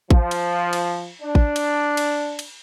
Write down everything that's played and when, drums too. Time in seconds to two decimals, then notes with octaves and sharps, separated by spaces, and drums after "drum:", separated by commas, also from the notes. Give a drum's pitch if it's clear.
0.11 F3, drum: kick A1
0.31 drum: cymbal
0.73 drum: cymbal
1.22 D4
1.35 drum: kick A1
1.56 drum: cymbal
1.97 drum: cymbal
2.39 drum: cymbal